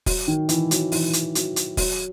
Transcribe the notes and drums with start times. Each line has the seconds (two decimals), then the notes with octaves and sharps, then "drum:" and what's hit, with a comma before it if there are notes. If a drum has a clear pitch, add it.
0.06 F#3, drum: kick, open hi-hat
0.28 D#3
0.49 E3, drum: hi-hat
0.71 F#3, drum: hi-hat
0.92 E3, drum: open hi-hat
1.13 drum: hi-hat
1.35 F#3, drum: hi-hat
1.56 drum: hi-hat
1.77 F#3, drum: kick, open hi-hat